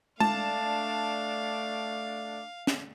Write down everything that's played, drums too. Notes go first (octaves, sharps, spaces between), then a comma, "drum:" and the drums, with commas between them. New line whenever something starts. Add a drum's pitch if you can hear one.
A3 D4 F5 A5, drum: tom G#3
drum: snare